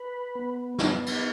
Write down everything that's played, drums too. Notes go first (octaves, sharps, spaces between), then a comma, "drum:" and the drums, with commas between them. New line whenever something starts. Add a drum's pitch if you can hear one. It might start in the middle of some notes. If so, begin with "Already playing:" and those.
Already playing: B4
B3
B3, drum: snare
drum: cymbal